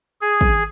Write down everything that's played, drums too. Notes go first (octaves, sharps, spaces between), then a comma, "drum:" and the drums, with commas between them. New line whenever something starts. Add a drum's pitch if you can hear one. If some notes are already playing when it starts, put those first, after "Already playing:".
G#4
drum: kick